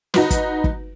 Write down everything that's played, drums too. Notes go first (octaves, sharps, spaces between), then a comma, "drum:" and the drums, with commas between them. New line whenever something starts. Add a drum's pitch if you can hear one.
D#4 F#4 B4, drum: snare
drum: kick, hi-hat
drum: kick